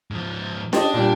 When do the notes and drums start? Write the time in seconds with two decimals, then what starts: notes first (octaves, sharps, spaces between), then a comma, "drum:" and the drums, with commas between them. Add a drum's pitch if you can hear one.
0.11 G#2 F3
0.73 D4 G4 D#5, drum: snare C#4
0.94 A#2 G3